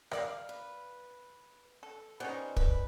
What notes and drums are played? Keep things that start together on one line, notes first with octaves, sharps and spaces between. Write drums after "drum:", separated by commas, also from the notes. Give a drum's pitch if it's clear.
A#4 D5 F5, drum: rim click
B4
A4
G3 B3 C#4 D#4 C5
B4, drum: kick